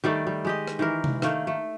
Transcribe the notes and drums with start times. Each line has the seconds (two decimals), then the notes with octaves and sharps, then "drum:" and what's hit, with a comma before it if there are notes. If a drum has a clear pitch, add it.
0.04 D#3 G3 A3 D5
0.27 G3
0.45 G#3 G4 D#5
0.68 drum: rim click
0.79 D#3 E3 A#4
1.04 drum: tom C3
1.22 D#3 A3 A#3, drum: rim click
1.47 A3